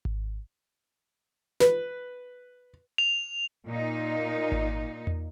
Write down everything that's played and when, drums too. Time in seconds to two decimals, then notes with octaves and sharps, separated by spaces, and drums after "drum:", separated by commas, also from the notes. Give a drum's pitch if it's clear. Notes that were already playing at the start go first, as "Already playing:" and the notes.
0.05 drum: kick G#1
1.60 B4, drum: snare
2.98 F7
3.67 A#2 D#4
4.52 drum: kick G#1
5.07 drum: tom E2